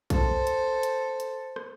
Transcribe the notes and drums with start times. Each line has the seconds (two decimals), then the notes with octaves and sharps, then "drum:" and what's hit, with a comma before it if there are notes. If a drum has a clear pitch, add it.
0.10 A4 C5, drum: kick A#1, hi-hat
0.47 drum: hi-hat
0.83 drum: hi-hat
1.20 drum: hi-hat
1.56 drum: rim click